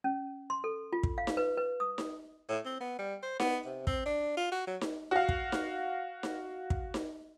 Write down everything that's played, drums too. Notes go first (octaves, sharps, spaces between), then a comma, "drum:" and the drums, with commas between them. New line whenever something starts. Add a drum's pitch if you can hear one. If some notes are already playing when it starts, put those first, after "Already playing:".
C#4
C6
A4
F4
drum: kick
F5
drum: snare D#4
B4
B4
D#6
drum: snare D#4
A2
C4
B3
G3
C5
B3, drum: snare D#4
C3
C4, drum: kick
D4
F4
F#4
F#3
drum: snare D#4
F#4 F5
drum: kick
drum: snare D#4
drum: snare D#4
drum: kick
drum: snare D#4